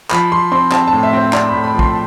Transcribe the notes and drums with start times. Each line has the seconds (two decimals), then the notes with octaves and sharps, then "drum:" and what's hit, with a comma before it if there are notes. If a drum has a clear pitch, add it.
0.11 F3 B5, drum: clap
0.32 F3 C6
0.52 C4 C6
0.72 C4 A5, drum: clap
0.87 A5
0.93 A2
1.03 E5
1.13 C4 C5
1.33 C4 D5, drum: clap
1.49 A2 B5
1.64 B5
1.74 F3
1.79 C6, drum: kick A#1